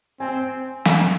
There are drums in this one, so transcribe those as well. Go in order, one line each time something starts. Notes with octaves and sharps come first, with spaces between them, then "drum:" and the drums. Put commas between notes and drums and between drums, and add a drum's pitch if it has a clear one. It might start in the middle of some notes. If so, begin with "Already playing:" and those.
C4 G#5
drum: snare